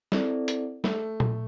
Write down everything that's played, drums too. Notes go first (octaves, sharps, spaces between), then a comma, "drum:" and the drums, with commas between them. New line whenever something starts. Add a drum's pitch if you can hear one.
C4 E4 A4 D5, drum: snare
drum: hi-hat
A3, drum: snare
drum: tom A#2